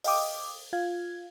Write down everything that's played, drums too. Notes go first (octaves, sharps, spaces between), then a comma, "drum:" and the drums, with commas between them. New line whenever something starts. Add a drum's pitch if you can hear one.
D#5 F5 G5 D6 D#6, drum: open hi-hat
F4 F5 G#6